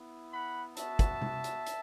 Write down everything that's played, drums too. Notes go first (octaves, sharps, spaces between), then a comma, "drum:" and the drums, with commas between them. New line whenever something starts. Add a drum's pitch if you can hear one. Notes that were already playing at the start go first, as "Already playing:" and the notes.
Already playing: B3 E4
F#5 B5
B3 F#4 E5 A5, drum: hi-hat
drum: kick, hi-hat
drum: tom
drum: hi-hat
drum: hi-hat